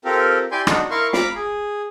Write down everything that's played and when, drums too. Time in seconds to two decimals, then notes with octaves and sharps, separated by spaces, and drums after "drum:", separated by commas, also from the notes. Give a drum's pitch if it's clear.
0.05 C4 F4 G4 A4 A#4
0.52 E4 G4 D5 G#5 C6 G6
0.67 D4 D#4 F#4, drum: rim click
0.91 E4 A#4 F5 C6 C#6
1.13 F5 A#5 B5 D6, drum: snare
1.36 G#4